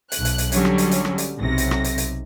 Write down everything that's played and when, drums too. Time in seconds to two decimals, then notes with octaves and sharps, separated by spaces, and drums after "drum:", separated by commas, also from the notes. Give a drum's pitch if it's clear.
0.12 B1 F#6, drum: hi-hat
0.25 drum: hi-hat
0.38 drum: hi-hat
0.52 D3 F#3 G3 C#4, drum: hi-hat
0.65 drum: rim click
0.78 drum: hi-hat
0.91 drum: hi-hat
1.05 drum: rim click
1.18 drum: hi-hat
1.39 B1 C3 A#6
1.58 drum: hi-hat
1.71 drum: rim click
1.84 drum: hi-hat
1.98 drum: hi-hat